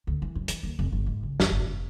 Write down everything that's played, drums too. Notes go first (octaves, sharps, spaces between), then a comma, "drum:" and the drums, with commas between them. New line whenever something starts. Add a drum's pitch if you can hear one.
D2
E3
F#2
E3, drum: hi-hat
D#2
F1
G1
G#2
C#2
F2, drum: snare
G1
F1